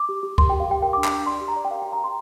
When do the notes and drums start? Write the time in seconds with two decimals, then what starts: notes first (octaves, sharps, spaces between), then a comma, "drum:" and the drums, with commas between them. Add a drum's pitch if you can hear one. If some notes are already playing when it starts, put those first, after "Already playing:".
Already playing: D6
0.09 G4
0.23 G4
0.38 A#4 C6, drum: kick C#2
0.49 G4 G5
0.60 F5
0.67 G4 G5
0.82 A#4 G5
0.93 D6
0.97 D4
1.04 D6, drum: clap
1.11 D4
1.26 D5 C6
1.41 G4
1.48 A#5
1.56 D5
1.65 G5
1.71 A#4 F5
1.82 G4 G5
1.93 A#5
2.00 G4 C6